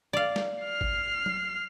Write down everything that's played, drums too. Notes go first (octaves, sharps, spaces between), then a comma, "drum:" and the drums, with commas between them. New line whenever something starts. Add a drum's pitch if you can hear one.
D5 F5
drum: snare
F6 C7
drum: kick G#1
drum: tom F#3